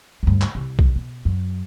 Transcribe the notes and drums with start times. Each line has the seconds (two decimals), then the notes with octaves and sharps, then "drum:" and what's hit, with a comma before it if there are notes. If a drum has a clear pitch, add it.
0.23 D2 G2
0.41 drum: clap
0.55 C2
0.79 drum: kick B1
0.96 B2
1.25 F#2